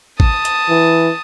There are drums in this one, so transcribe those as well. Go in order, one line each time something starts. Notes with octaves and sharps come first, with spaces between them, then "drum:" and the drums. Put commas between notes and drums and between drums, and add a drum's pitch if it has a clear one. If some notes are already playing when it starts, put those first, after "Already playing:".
A5 D#6, drum: kick
drum: hi-hat
E3